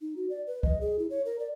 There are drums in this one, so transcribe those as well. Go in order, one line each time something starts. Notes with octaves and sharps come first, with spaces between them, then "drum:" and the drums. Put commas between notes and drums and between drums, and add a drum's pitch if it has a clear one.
D#4
F#4
D5
B4
D#5, drum: kick
G#4
E4
C#5
A#4
D5